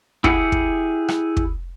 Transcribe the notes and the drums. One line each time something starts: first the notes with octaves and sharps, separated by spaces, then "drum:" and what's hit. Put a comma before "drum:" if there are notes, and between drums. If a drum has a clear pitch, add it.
E4 G4 G#4 F#5, drum: kick
drum: kick
drum: rim click
drum: kick